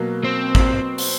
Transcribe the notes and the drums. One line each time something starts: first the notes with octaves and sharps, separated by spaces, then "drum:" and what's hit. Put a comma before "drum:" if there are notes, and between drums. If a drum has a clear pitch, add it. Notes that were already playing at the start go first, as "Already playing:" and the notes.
Already playing: B2 F#3 A#3
C4
drum: kick
drum: open hi-hat